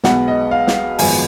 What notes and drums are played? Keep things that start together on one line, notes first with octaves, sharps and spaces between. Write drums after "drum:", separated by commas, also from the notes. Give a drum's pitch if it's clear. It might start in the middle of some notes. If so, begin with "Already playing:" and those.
B1 B2 G#3 B3 F#5, drum: snare
D#5
F5
drum: snare
G#1 F#2 F3 G#3 B3 G#5, drum: open hi-hat